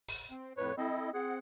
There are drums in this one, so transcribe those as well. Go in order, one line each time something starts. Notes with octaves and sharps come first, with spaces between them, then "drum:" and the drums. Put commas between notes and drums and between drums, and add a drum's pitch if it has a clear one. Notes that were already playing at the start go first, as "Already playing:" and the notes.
drum: open hi-hat
C4
F2 A2 B4 C#5
C4 E4 A4 D#5
C4 G#4 F#5